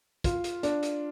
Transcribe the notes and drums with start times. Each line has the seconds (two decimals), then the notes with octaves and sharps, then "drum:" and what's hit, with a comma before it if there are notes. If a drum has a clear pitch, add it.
0.24 F4, drum: kick, hi-hat
0.44 drum: hi-hat
0.63 D4, drum: hi-hat
0.83 drum: hi-hat